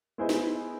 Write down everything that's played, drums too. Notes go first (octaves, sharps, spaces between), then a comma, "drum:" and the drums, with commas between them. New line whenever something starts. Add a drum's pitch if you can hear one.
B3 E4 G#4 C5 D#5
drum: snare